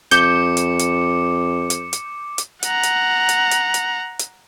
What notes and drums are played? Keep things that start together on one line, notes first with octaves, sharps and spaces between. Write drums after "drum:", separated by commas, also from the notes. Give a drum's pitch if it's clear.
F2 D6 G6 C#7, drum: hi-hat
drum: hi-hat
drum: hi-hat
drum: hi-hat
drum: hi-hat
drum: hi-hat
F#5 A#5, drum: hi-hat
drum: hi-hat
drum: hi-hat
drum: hi-hat
drum: hi-hat
drum: hi-hat